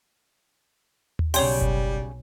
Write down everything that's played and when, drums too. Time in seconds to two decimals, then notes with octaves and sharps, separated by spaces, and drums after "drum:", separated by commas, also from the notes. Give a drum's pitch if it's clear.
1.19 drum: tom D#2
1.34 B1 C#3 G3 C#5 G5 C6, drum: open hi-hat
1.61 drum: kick F#1